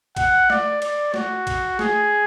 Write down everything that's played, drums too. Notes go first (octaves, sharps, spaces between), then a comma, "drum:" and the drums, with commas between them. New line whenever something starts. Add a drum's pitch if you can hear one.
F#5, drum: kick A#1, cymbal
D5, drum: snare
D5, drum: cymbal
F#4, drum: snare
drum: kick A#1, cymbal
G#4, drum: snare